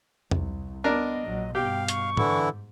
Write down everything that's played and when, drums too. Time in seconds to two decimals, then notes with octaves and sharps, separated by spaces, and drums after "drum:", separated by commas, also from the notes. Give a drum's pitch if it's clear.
0.31 C2, drum: tom E2
0.84 B3 D4 A#4 D#5
1.26 A#1 F#3
1.55 G2 B2 G4 F5 G5
1.88 C#6, drum: hi-hat
2.17 G#2 D3 E3 E4, drum: tom G#2